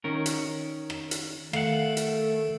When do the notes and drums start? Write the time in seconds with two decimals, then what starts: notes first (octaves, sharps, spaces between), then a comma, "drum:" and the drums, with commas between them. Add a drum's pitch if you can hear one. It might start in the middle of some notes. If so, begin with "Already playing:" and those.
0.04 D#3 C#4 A#4
0.26 drum: hi-hat
0.90 drum: rim click
1.11 drum: hi-hat
1.53 D#3 A3 F5 F#5, drum: rim click
1.97 drum: hi-hat